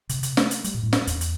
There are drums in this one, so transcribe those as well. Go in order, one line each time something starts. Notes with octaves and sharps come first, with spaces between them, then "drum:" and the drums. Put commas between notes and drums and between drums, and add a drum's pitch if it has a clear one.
C3, drum: hi-hat
C3, drum: hi-hat
A3, drum: snare
drum: hi-hat
G3, drum: hi-hat
A#2
A2
G2, drum: snare
E2, drum: hi-hat
drum: hi-hat